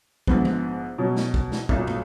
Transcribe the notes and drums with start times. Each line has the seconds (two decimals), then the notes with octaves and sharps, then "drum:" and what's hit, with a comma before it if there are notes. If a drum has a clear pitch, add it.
0.27 A#1 G#2 F3 B3, drum: kick
0.45 drum: tom
0.98 B2 F#3 C#4
1.16 drum: snare
1.34 drum: kick
1.52 drum: snare
1.69 B1 A#2 F#3, drum: kick
1.87 drum: tom